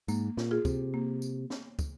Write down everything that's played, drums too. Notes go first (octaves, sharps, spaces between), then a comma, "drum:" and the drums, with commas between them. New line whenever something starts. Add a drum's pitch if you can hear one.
G#2 A#3, drum: tambourine
A#2, drum: snare
F4 G#4
C3, drum: kick, tambourine
A#3
drum: tambourine
drum: snare
drum: kick, tambourine